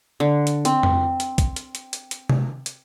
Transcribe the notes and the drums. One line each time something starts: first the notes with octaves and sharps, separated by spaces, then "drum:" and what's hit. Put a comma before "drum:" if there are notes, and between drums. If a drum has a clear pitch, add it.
D3
drum: hi-hat
C4, drum: hi-hat
drum: tom F2
drum: hi-hat
drum: kick, hi-hat
drum: hi-hat
drum: hi-hat
drum: hi-hat
drum: hi-hat
drum: tom C3
drum: hi-hat